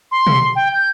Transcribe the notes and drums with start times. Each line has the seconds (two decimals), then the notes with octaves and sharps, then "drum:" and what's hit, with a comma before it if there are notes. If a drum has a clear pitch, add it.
0.12 C6
0.27 drum: tom B2
0.56 G5
0.73 G6